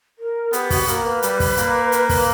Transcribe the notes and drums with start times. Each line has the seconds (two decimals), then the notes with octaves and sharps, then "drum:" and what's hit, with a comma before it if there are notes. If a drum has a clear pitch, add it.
0.19 A#4
0.53 B3 G4, drum: hi-hat
0.70 F#4, drum: kick, open hi-hat
0.88 A#3 A#4, drum: hi-hat
1.05 B4
1.22 G3, drum: hi-hat
1.40 drum: kick, open hi-hat
1.57 A#3, drum: hi-hat
1.92 drum: hi-hat
2.09 drum: kick, open hi-hat